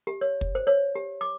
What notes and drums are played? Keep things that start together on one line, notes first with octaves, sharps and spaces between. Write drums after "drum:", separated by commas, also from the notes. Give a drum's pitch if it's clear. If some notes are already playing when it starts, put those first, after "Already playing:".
G4
C#5
drum: kick
C5
C#5
G4
D6